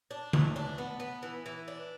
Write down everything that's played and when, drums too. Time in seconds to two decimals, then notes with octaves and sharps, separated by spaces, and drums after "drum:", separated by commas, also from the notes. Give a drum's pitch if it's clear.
0.11 D4
0.33 E3, drum: tom D3
0.56 D4
0.78 B3
1.00 B3
1.23 E3
1.46 E3
1.68 D4